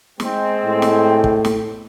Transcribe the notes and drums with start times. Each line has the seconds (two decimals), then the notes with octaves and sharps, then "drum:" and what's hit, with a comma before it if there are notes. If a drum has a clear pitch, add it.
0.20 G#3 C4, drum: snare
0.66 A2
0.82 drum: snare
1.24 drum: kick
1.45 drum: snare